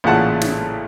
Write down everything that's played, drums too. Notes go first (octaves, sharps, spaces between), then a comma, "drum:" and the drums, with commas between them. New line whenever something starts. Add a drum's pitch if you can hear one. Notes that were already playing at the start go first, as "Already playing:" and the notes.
A1 A#2 C#3 F#5 A5
drum: snare